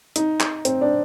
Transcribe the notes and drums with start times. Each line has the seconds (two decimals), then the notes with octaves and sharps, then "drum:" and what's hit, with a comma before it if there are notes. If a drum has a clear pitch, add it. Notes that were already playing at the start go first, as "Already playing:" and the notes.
0.16 D#4, drum: hi-hat
0.40 drum: clap
0.65 C4, drum: hi-hat
0.81 D4